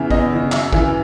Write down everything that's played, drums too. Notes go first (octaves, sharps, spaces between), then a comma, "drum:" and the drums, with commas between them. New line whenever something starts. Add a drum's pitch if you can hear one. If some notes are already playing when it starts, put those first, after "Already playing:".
Already playing: E2 C#3 E3 E5
E2 D#5, drum: kick
C#3 E3
F#2 E5, drum: clap
C#3 E3 E5, drum: kick